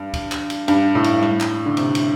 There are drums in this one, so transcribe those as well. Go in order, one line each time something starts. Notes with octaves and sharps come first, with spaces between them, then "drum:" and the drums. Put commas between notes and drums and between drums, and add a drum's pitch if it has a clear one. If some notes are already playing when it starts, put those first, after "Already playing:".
Already playing: G2
drum: kick C#2, cymbal
drum: clap
drum: cymbal
G2, drum: cymbal
A2
drum: cymbal
drum: tom G3
drum: clap
D3
C3, drum: cymbal
drum: cymbal